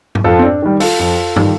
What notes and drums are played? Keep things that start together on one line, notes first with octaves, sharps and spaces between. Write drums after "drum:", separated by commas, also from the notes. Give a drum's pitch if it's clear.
drum: tom G#2
F2 F4 A4
C4
D4
D#3 G3
F4 A4, drum: open hi-hat
F2
D#3 G3, drum: tom